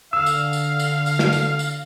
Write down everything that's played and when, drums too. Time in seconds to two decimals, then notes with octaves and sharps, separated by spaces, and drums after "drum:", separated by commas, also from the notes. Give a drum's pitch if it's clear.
0.13 D3 F5 E6
0.26 drum: tambourine
0.53 drum: tambourine
0.79 drum: tambourine
1.06 drum: tambourine
1.19 drum: snare
1.33 drum: tambourine
1.59 drum: tambourine